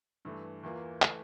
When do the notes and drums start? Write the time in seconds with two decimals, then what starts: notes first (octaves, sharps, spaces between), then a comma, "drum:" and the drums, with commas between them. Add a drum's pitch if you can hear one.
0.25 G2 E3 A3
0.63 E2 E3 A#3 F4
1.02 E3 A3, drum: clap